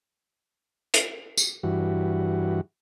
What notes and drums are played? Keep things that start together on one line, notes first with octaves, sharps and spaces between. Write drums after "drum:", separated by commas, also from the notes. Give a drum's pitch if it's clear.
drum: hi-hat
drum: tambourine
G2 E3 F#4